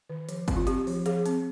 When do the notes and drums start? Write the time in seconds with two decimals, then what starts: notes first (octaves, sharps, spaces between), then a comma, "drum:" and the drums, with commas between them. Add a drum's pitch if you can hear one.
0.10 D#3
0.29 F3, drum: hi-hat
0.48 C4, drum: kick G1, hi-hat
0.56 F4
0.67 C4 G4, drum: hi-hat
0.87 F3, drum: open hi-hat
1.06 F3 G#4, drum: hi-hat
1.26 C4, drum: hi-hat